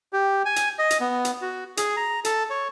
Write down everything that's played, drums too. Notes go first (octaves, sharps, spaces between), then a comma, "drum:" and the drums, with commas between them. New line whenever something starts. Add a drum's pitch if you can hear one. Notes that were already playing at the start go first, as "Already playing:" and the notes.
G4
G#5
drum: hi-hat
D#5
drum: hi-hat
B3
drum: hi-hat
F#4
G#4, drum: hi-hat
A#5
A4, drum: hi-hat
C#5